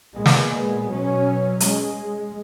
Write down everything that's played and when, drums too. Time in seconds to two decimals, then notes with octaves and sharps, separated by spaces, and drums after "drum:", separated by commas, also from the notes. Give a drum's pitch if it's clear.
0.14 A#2 G#3 B3
0.26 drum: snare
0.87 B2 F#3 C#4
1.60 G#3, drum: hi-hat